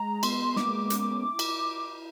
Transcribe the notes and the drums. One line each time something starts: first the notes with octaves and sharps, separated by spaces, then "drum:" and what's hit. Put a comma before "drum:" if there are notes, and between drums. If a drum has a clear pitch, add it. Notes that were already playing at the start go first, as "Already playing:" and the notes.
Already playing: G#3 A#5
B3 C6, drum: cymbal
A#3 D6, drum: snare
A#3
C#4, drum: hi-hat
E4
drum: cymbal